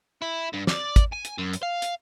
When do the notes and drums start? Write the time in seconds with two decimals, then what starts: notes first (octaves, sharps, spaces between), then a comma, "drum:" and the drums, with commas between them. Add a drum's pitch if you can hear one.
0.22 E4
0.53 G2
0.67 D5, drum: snare
0.96 drum: kick, hi-hat
1.12 G#5
1.25 drum: hi-hat
1.38 F#2
1.53 drum: hi-hat
1.63 F5
1.82 drum: hi-hat